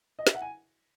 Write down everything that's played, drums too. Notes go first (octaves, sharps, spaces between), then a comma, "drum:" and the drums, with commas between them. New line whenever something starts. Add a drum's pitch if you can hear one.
D#5
E5, drum: snare
F#5
G#5